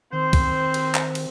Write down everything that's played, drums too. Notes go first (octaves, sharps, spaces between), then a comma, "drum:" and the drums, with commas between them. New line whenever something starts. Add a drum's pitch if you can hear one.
D#3 C4 C5
drum: kick, cymbal
drum: cymbal
drum: clap
drum: cymbal